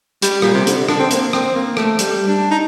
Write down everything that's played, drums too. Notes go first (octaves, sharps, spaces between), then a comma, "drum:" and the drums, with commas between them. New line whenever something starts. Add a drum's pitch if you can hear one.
G3, drum: hi-hat
A#2, drum: rim click
C3
D3, drum: hi-hat
D4, drum: rim click
C4
A#3, drum: hi-hat
C4, drum: rim click
A#3
A3, drum: rim click
G3, drum: hi-hat
D4
D#4